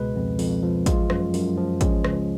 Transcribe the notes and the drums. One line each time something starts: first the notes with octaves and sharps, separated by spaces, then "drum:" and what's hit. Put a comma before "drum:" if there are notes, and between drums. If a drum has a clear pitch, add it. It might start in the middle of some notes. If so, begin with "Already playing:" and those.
Already playing: C#2 B2 G#3 B4
F2
F2, drum: open hi-hat
F3
G#3 F4, drum: kick, hi-hat
F#2, drum: rim click
F#2, drum: open hi-hat
F3
G#3 C#4, drum: kick, hi-hat
C#2, drum: rim click